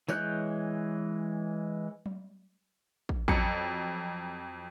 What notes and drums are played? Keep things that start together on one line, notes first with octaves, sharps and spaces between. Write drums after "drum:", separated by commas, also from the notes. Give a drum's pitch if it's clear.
E3 G#3 C#5 F#6 G6, drum: tambourine
drum: tom F#3
drum: kick
F2 F#3 C#7, drum: kick